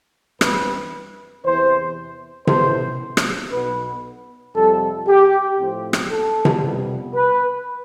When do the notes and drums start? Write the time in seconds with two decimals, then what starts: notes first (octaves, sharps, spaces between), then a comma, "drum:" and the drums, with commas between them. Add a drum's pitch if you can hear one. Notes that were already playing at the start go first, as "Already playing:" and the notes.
0.41 G2 E3 G3 C4 B4, drum: rim click
1.44 E2 C3 E3 C5
2.47 A1 A2 E3 B3 C5, drum: tom C3
3.17 drum: rim click
3.51 B1 B2 B3 B4
4.56 F2 C3 G3 A4
5.07 G4
5.58 A2 F3 C4
5.93 drum: rim click
6.10 A4
6.45 drum: tom C3
6.62 F2 C3 G3 B3
7.14 B4